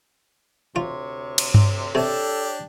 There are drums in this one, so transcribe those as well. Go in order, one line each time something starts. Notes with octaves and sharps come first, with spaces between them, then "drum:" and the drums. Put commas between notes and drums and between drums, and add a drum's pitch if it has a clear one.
D2 C3 F4 C#5
drum: cymbal
drum: tom G2
C3 D4 G4 A4